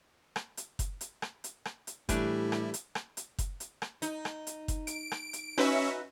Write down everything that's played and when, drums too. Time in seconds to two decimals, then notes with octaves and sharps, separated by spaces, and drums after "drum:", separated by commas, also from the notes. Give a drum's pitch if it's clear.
0.36 drum: rim click
0.57 drum: hi-hat
0.79 drum: kick F#1, hi-hat
1.01 drum: hi-hat
1.22 drum: rim click
1.44 drum: hi-hat
1.65 drum: rim click
1.87 drum: hi-hat
2.09 A2 E3 G3 A3 D4 E4 G4, drum: kick F#1, hi-hat
2.52 drum: rim click
2.74 drum: hi-hat
2.95 drum: rim click
3.17 drum: hi-hat
3.39 drum: kick F#1, hi-hat
3.60 drum: hi-hat
3.82 drum: rim click
4.02 D#4, drum: hi-hat
4.25 drum: rim click
4.47 drum: hi-hat
4.68 drum: kick F#1, hi-hat
4.87 D7, drum: hi-hat
5.12 drum: rim click
5.33 drum: hi-hat
5.58 C#4 D#4 F#4 B4 E5, drum: rim click